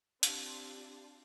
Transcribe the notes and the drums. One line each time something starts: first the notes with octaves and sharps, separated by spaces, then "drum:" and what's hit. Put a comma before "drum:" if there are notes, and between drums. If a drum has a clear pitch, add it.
C4 D4 F4 G4, drum: hi-hat